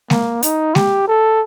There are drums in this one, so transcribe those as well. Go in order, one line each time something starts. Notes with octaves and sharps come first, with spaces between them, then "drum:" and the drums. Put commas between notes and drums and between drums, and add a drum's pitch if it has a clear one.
A#3, drum: snare G#3
D#4, drum: hi-hat
G4, drum: snare G#3
A4